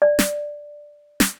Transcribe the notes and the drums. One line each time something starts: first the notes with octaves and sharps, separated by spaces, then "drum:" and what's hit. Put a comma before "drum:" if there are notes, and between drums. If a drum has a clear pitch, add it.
D5
drum: snare
drum: snare